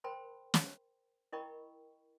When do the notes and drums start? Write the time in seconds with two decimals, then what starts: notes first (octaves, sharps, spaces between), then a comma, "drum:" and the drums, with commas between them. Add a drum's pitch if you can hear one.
0.04 A#4 C5 G5 A5 B5 C6
0.54 drum: snare
1.32 E4 A#4 D#5 G5 B5 C#6